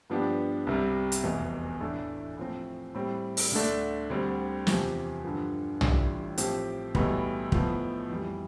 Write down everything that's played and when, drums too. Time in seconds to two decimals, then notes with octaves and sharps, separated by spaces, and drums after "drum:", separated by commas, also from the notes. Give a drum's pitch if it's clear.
0.10 G2 F3 B3 D4 G4
0.67 C2 C3 G3
1.12 drum: hi-hat
1.23 F1 E2 B2
1.80 A2 E3 A3 D4 A4
2.37 A2 F3 C4
2.94 A2 G3 C4
3.37 drum: open hi-hat
3.52 D2 D3 A3 D4
4.10 D2 D3 G3 C4
4.67 E2 C3 F3 C4 G4, drum: snare
5.24 G2 D3 F3
5.81 A1 A2 G3 D4 F4, drum: tom
6.38 A2 F3 C4 G4, drum: hi-hat
6.95 B1 A2 E3 G3 B3, drum: kick
7.52 A2 F3 B3, drum: kick
8.09 F2 E3 G3